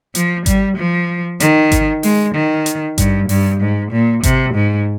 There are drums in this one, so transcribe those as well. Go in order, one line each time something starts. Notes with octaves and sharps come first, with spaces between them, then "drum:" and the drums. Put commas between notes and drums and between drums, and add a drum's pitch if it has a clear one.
F3, drum: hi-hat
G3, drum: kick G#1, hi-hat
F3
D#3, drum: hi-hat
drum: kick G#1, hi-hat
G#3, drum: open hi-hat
D#3
drum: hi-hat
G2, drum: kick G#1, hi-hat
G2, drum: open hi-hat
G#2
A#2
C3, drum: kick G#1, hi-hat
G#2